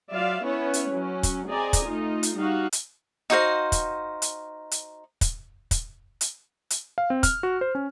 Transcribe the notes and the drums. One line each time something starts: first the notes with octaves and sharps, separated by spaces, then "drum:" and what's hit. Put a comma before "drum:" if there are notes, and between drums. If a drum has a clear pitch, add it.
F#3 F4 D5 E5 F5
B3 C#4 E4 B4 C#5
drum: hi-hat
F#3 C#4
drum: kick, hi-hat
C4 G#4 D5 D#5 G#5 A#5
drum: kick, hi-hat
A3 D#4 F4
drum: hi-hat
G3 D#4 F#4 F5
drum: hi-hat
D#4 F#4 C5 F5
drum: kick, hi-hat
drum: hi-hat
drum: hi-hat
drum: kick, hi-hat
drum: kick, hi-hat
drum: hi-hat
drum: hi-hat
F5
C4
F6, drum: kick, hi-hat
F#4
C5
C#4